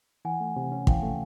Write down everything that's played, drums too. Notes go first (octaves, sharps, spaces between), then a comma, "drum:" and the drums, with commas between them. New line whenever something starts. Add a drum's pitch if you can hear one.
E3 F#5 G#5
A3
C3
C#4
E3 F5 G5, drum: kick
A3